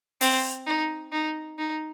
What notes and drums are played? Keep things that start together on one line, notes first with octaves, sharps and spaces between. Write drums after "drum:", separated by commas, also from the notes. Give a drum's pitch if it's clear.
C4, drum: open hi-hat
D#4
D#4
D#4